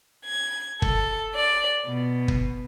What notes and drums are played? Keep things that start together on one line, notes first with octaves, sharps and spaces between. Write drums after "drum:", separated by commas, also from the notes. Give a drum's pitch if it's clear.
G#6
A4, drum: kick
D5
B2
drum: kick